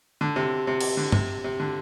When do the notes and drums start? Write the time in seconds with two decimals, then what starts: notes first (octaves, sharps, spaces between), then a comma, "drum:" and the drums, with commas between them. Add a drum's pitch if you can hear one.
0.21 D3
0.36 C3
0.67 C3
0.81 drum: cymbal
0.97 D3
1.12 C3, drum: tom G2
1.44 C3
1.60 D3